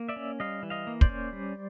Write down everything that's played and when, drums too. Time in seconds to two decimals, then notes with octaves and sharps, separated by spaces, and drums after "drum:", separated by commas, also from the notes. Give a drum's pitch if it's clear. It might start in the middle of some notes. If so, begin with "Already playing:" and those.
Already playing: A#3
0.09 D5 E5
0.16 C#4
0.40 G3 D#5 F5
0.63 E3
0.70 D#5 F5
0.87 A#3
1.01 C5 D5, drum: kick
1.09 C#4
1.33 G3